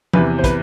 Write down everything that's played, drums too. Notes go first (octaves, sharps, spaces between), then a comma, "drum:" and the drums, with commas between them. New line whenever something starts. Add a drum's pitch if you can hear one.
E2 C3 E3 B4, drum: tom F3
C5
B4, drum: kick, hi-hat